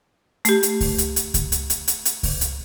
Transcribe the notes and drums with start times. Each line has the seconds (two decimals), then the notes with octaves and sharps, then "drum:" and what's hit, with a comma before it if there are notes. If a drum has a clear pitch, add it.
0.45 A3 G4, drum: hi-hat
0.63 drum: hi-hat
0.81 drum: kick C#2, open hi-hat
0.98 drum: hi-hat
1.16 drum: hi-hat
1.34 drum: kick C#2, hi-hat
1.52 drum: hi-hat
1.70 drum: hi-hat
1.88 drum: hi-hat
2.05 drum: hi-hat
2.23 drum: kick C#2, open hi-hat
2.41 drum: hi-hat